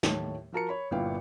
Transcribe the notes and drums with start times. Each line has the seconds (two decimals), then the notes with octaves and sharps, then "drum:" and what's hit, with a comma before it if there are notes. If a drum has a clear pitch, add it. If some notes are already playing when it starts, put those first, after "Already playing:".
0.03 D#2 A2 C#5 A5, drum: snare
0.52 F3 F#4 A#4 A5 A#5 C#7
0.69 C#5 B5
0.91 G1 A#2 E4 B4 F5 G5